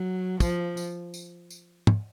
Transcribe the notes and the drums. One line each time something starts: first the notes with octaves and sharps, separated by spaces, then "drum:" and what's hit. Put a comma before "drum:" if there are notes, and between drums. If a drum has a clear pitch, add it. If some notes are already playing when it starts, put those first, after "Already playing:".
Already playing: F#3
F3, drum: kick, tambourine
drum: tambourine
drum: tambourine
drum: tambourine
drum: tom